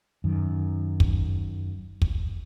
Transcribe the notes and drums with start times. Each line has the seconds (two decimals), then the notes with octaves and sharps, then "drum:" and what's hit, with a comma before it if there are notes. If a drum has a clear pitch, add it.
0.24 F#2 D#3
1.00 drum: kick
2.02 drum: kick